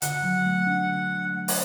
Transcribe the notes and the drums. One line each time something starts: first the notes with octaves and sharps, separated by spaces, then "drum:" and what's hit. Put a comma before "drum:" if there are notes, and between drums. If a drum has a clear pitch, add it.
D3 F#5, drum: hi-hat
F#3
A3
D4
D3
F#3
A3
drum: open hi-hat